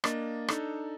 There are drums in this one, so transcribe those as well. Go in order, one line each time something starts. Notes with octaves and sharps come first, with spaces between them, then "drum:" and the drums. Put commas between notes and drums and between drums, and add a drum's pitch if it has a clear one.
A#3 D4 D#5 A6, drum: rim click
D4 D#4 A4, drum: rim click